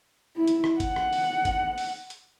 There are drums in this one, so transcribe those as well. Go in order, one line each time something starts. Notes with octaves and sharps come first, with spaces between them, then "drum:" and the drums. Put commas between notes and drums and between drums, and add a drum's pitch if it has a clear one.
E4
drum: hi-hat
drum: rim click
F#5, drum: kick G#1, hi-hat
drum: rim click
drum: open hi-hat
drum: kick G#1, hi-hat
drum: open hi-hat
drum: hi-hat